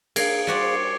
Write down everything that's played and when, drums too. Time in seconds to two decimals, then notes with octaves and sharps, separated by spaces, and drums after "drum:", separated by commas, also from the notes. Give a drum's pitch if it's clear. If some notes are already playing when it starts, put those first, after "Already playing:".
0.16 A#3 G#4 F5 G#6 C7 D7, drum: cymbal
0.47 G3 F#4 C5 D6 A6 C#7